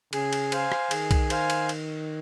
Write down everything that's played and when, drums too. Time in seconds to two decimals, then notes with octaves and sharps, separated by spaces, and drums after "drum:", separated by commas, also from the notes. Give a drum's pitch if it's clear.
0.13 C#3 G#4, drum: cymbal
0.33 drum: cymbal
0.52 C5 F5 G#5, drum: cymbal
0.72 drum: rim click
0.91 D#3 G#4, drum: cymbal
1.11 drum: kick B1, cymbal
1.30 C5 F5 G#5, drum: cymbal
1.50 drum: cymbal
1.69 drum: cymbal